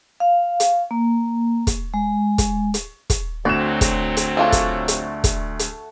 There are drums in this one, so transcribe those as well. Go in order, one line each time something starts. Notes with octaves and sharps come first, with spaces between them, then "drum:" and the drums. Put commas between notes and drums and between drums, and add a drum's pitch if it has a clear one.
F5
drum: hi-hat
A#3
drum: kick, hi-hat
G#3
drum: kick, hi-hat
drum: hi-hat
drum: kick, hi-hat
D2 F#3 C4 F#4 D5 E7
drum: kick, hi-hat
drum: hi-hat
A3 D4 F4 G#4 A4
drum: kick, hi-hat
drum: hi-hat
drum: kick, hi-hat
drum: hi-hat